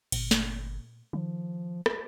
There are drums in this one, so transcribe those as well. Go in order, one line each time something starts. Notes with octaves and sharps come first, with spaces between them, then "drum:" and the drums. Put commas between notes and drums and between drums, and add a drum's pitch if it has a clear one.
G1 A#2, drum: cymbal
drum: snare
D#3 F3
drum: rim click